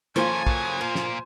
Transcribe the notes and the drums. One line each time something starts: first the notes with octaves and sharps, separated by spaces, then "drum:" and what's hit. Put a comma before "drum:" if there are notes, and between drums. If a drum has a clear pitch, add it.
D#3 F3 A#3 C#4 F4 A4 C5 G#5, drum: hi-hat
C#3 F#3, drum: kick
A#2 C5 F5
drum: snare